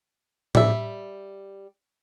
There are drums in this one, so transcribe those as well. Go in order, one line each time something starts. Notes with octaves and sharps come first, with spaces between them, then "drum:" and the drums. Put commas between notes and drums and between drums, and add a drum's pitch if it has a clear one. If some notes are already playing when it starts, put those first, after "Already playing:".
G3 E5, drum: tom A2